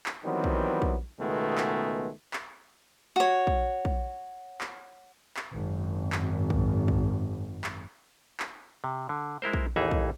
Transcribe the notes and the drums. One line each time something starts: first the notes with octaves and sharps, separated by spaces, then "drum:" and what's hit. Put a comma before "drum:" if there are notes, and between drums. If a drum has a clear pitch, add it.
drum: clap
D#3 E3 F#3 G3 B3 C4
drum: kick
drum: kick
C#2 B2 D#3 G#3 A3 B3
drum: clap
drum: clap
F#4 C#5
drum: kick
drum: kick
drum: clap
drum: clap
G#1 F#2
drum: clap
drum: kick
drum: kick
drum: clap
drum: clap
C3
D3
G#3 E4 A#4 C5
drum: kick
A1 D#2 E3 D#4 G#4 E5
drum: kick